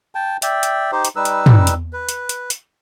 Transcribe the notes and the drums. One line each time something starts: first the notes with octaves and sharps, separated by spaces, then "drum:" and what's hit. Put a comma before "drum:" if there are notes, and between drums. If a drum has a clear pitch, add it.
G5 A5
D5 E5 G5, drum: hi-hat
drum: hi-hat
D#4 G4 C5
drum: hi-hat
G3 D#4 B4 E6
drum: hi-hat
drum: tom
drum: hi-hat
B4
drum: hi-hat
drum: hi-hat
drum: hi-hat